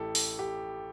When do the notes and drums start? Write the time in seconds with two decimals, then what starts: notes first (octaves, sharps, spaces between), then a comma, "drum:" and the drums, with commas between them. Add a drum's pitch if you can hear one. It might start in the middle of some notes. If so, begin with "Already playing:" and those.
Already playing: A1 A2 E3 E4 G4 A4
0.15 drum: open hi-hat
0.39 G4